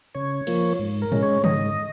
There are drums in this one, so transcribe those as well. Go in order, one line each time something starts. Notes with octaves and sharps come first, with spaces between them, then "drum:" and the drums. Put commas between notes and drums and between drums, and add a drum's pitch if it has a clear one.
C#3 C#5
F3 A#3, drum: cymbal
G#2
A#4
G#3 C#4, drum: tom G#2
C#5
G#2 D#5, drum: tom C#3